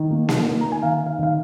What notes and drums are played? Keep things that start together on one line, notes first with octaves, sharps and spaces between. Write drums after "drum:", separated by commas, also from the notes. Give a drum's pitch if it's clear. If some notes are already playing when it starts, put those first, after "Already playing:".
Already playing: D#3
A#3
drum: snare A#3
A#3
A#5
G#5
D#3 F5
F5
D#3 F5